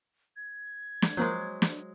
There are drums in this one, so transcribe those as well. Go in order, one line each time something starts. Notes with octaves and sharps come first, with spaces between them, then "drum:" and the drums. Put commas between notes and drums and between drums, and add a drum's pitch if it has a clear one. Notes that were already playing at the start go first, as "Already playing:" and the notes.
G#6
drum: snare
F3 F#3 G#3 A#3 A#4 C5 C#5
drum: snare